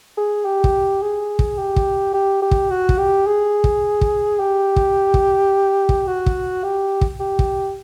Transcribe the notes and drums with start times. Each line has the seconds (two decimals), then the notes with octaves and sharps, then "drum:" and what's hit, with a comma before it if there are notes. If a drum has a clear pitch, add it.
0.17 G#4
0.45 G4
0.64 drum: kick
1.02 G#4
1.39 drum: kick
1.58 G4
1.76 drum: kick
2.14 G4
2.42 G4
2.51 drum: kick
2.71 F#4
2.89 drum: kick
2.98 G4
3.26 G#4
3.64 drum: kick
4.01 drum: kick
4.39 G4
4.76 drum: kick
5.14 drum: kick
5.89 drum: kick
6.07 F#4
6.26 drum: kick
6.64 G4
7.01 drum: kick
7.20 G4
7.39 drum: kick